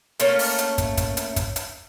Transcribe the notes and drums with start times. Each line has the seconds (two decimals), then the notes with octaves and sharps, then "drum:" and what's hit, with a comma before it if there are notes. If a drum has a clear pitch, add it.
0.20 A3 A#3 C#4, drum: hi-hat
0.39 drum: open hi-hat
0.58 drum: hi-hat
0.78 drum: kick, hi-hat
0.97 drum: kick, hi-hat
1.17 drum: hi-hat
1.36 drum: kick, hi-hat
1.56 drum: hi-hat